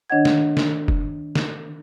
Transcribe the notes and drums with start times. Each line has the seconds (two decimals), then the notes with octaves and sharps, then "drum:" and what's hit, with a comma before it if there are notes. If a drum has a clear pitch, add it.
0.10 D#3 D4 C#5 D#5 F#5 G#6
0.25 drum: snare
0.57 drum: snare
0.88 drum: kick
1.35 drum: snare